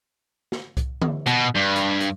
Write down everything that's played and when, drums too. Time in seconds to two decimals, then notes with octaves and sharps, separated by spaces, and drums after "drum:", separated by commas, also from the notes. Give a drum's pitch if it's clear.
0.52 drum: snare
0.77 drum: kick C2, hi-hat
1.02 drum: tom D3
1.26 B2, drum: hi-hat
1.55 G2
1.76 drum: hi-hat
2.01 drum: hi-hat